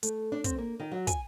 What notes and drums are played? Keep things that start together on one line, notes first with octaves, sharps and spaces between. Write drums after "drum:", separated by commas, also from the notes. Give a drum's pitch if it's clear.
A3, drum: hi-hat
D4
C4, drum: kick, hi-hat
A#3
D#3
F#3
G#5, drum: kick, hi-hat